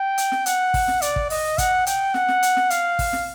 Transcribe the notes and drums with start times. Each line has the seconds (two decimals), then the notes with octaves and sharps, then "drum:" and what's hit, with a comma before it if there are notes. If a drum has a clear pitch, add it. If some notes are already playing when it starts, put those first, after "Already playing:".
Already playing: G5
0.18 drum: hi-hat
0.32 drum: snare
0.46 F#5, drum: hi-hat
0.74 drum: kick, open hi-hat
0.88 drum: snare
1.02 D5, drum: hi-hat
1.16 drum: kick
1.30 D#5, drum: open hi-hat
1.58 F#5, drum: kick, hi-hat
1.87 G5, drum: hi-hat
2.14 F#5, drum: snare
2.28 drum: snare
2.43 drum: hi-hat
2.57 drum: snare
2.70 F5, drum: hi-hat
2.99 drum: kick, open hi-hat
3.13 drum: snare